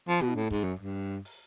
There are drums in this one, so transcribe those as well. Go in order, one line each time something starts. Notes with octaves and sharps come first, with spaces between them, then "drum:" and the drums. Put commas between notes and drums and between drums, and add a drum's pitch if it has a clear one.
F3
B2, drum: tom
A2
G#2, drum: kick
F#2
G2
drum: open hi-hat